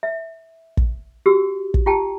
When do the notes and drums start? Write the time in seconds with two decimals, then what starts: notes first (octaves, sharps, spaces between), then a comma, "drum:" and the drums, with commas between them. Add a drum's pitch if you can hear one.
0.03 E5
0.77 drum: kick
1.26 F#4 G4 E6
1.74 drum: kick
1.86 F4 G4 G5 A5